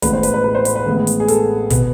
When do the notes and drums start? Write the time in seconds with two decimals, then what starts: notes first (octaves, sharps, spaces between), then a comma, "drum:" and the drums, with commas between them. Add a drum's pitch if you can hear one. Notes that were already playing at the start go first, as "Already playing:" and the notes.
0.02 A1 A2 E3 G#3 B3 B4, drum: kick, hi-hat
0.13 C5
0.23 B4, drum: hi-hat
0.34 B4
0.44 B4
0.55 C5
0.65 B4, drum: hi-hat
0.76 B4
0.86 A1 A2 G#3 B3
1.07 drum: hi-hat
1.20 G#4
1.28 A4, drum: hi-hat
1.70 B2 B3, drum: kick, hi-hat